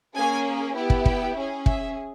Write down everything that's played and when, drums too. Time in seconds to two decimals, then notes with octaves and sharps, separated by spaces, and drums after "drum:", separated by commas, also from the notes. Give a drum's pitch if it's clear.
0.16 A#3 C#4 G#4 G#5
0.76 B3 E4 G4
0.90 drum: kick
1.05 G5, drum: kick
1.36 C#4 G#4
1.66 E5, drum: kick